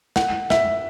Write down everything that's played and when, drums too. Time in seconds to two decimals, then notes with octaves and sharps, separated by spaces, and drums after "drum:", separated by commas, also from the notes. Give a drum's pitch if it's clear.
0.16 F#5, drum: snare
0.50 E5, drum: snare